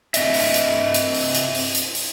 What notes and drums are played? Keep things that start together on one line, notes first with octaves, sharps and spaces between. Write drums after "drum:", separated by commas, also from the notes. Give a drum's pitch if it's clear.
C4 D#5 E5, drum: hi-hat
drum: open hi-hat
drum: hi-hat
drum: hi-hat
drum: open hi-hat
drum: hi-hat
drum: open hi-hat
drum: hi-hat
drum: open hi-hat